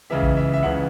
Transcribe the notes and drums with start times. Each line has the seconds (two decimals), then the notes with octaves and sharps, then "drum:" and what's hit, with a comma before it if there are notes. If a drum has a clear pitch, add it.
0.10 C#2 C#3 E3 E5
0.23 drum: kick A#1
0.37 E5
0.53 E5
0.63 C#2 C#3 E3 F#5